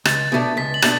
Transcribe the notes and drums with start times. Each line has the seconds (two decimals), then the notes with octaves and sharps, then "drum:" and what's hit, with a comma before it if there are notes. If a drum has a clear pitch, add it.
0.05 C#2 A6, drum: rim click
0.32 B2 A3 D4
0.57 C#2 B6
0.74 F#7
0.82 B2 A3 D4, drum: rim click